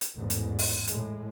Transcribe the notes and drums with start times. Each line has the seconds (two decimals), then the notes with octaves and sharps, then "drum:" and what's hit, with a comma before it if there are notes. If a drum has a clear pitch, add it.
0.01 drum: hi-hat
0.15 A1 E2 G#2
0.30 drum: hi-hat
0.59 drum: open hi-hat
0.87 A2 G#3, drum: hi-hat